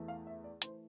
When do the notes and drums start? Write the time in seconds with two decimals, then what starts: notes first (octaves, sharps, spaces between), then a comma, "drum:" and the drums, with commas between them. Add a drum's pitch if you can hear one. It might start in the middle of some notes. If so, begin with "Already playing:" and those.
Already playing: E2 E3 A3
0.08 F5
0.27 E5
0.44 D5
0.62 E3 A3 C5, drum: hi-hat